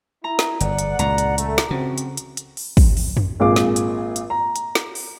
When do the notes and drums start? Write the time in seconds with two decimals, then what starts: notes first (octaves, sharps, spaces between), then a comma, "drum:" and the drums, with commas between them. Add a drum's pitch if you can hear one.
0.24 E4 A#5
0.39 drum: snare
0.61 G1 E2 D5 F#5, drum: hi-hat
0.79 drum: hi-hat
0.99 C#2 A#2 A#5, drum: hi-hat
1.18 drum: hi-hat
1.38 A3, drum: hi-hat
1.58 drum: snare
1.71 C#3 C4 F#4
1.98 drum: hi-hat
2.17 drum: hi-hat
2.37 drum: hi-hat
2.57 drum: open hi-hat
2.77 drum: kick, open hi-hat
2.97 drum: open hi-hat
3.17 drum: tom
3.40 G#1 A#2 G#4 D6
3.56 drum: snare
3.76 drum: hi-hat
4.16 drum: hi-hat
4.30 A#5
4.56 drum: hi-hat
4.75 drum: snare
4.95 drum: open hi-hat